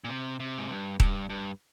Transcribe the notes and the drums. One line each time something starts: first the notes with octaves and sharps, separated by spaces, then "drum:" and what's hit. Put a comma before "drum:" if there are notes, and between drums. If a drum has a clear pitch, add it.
A#2
C3
C3
G#2
G2
G2, drum: kick D#1
G2